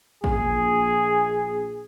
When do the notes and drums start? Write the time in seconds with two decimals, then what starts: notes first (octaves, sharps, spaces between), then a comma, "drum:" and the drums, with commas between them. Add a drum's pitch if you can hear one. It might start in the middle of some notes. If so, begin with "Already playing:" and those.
0.24 A#1 G#4, drum: kick A1